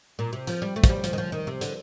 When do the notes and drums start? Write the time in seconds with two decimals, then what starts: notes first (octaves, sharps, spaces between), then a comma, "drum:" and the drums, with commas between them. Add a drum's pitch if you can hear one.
0.19 A#2
0.33 C3
0.47 F3, drum: hi-hat
0.62 G3
0.76 A3
0.84 F3, drum: kick, hi-hat
0.89 G3
1.04 F3, drum: hi-hat
1.13 D#3
1.18 F3
1.32 D#3
1.47 C3
1.61 D3, drum: hi-hat